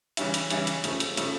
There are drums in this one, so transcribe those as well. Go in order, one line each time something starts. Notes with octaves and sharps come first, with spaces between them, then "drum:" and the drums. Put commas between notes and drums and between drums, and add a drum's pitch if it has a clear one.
C#3 E3 G3 C#4 E4, drum: hi-hat
drum: hi-hat
C#3 E3 G3 C#4 E4, drum: hi-hat
drum: hi-hat
C#3 F3 A3, drum: hi-hat
drum: hi-hat
C#3 F3 A3, drum: hi-hat